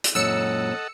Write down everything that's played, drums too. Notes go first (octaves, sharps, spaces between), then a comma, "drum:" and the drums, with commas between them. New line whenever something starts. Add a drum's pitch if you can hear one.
drum: hi-hat
F#2 A#2 A4 C#5 D#5 F#5 E6 C#7